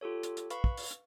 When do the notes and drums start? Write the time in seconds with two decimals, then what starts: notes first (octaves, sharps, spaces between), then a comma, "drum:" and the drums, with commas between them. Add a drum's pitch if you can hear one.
0.01 F4 G4 A4 C#5
0.23 drum: hi-hat
0.37 drum: hi-hat
0.50 B4 F5 B5 C#6, drum: hi-hat
0.64 drum: kick
0.77 drum: open hi-hat
0.91 drum: hi-hat